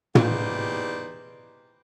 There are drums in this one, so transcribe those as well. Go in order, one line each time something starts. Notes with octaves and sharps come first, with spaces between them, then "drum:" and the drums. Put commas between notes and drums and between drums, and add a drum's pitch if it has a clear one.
E2 D#4 G4 B4 C5 D5, drum: tom